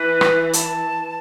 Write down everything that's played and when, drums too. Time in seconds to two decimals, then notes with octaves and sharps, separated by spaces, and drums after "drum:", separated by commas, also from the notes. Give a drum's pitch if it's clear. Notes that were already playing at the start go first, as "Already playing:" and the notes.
Already playing: E3 B4
0.21 drum: rim click
0.53 A5, drum: hi-hat